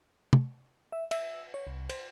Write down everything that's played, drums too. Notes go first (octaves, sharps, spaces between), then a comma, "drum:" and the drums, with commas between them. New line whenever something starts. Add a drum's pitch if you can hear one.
drum: tom
E5
E5, drum: cymbal
C#5
C2
C5, drum: cymbal